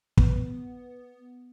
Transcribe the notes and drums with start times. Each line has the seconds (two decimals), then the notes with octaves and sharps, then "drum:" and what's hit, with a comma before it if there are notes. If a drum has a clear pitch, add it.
0.17 B3, drum: kick